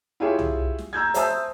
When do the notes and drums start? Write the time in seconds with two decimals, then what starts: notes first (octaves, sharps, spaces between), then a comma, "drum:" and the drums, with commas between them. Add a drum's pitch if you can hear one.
0.20 E4 F4 G4 G#4 C#5 E5
0.39 drum: tom
0.78 drum: snare
0.93 A#5 E6 G6 G#6
1.14 C5 E5 G#5 A5 D#6 E6, drum: hi-hat